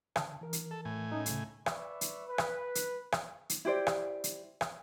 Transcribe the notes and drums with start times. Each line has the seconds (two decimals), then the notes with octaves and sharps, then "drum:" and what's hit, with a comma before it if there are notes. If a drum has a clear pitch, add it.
0.16 D3 A5, drum: rim click
0.41 E3 A#4
0.53 drum: hi-hat
0.71 A4
0.85 A2 G#5
1.12 A3 C#4 D#4
1.26 C#2 C#3, drum: hi-hat
1.66 B4 D5 E5 B5 C#6, drum: rim click
2.01 drum: hi-hat
2.28 B4
2.38 drum: rim click
2.75 drum: hi-hat
3.12 drum: rim click
3.49 drum: hi-hat
3.65 E4 G4 C5 D5
3.87 drum: rim click
4.24 drum: hi-hat
4.61 drum: rim click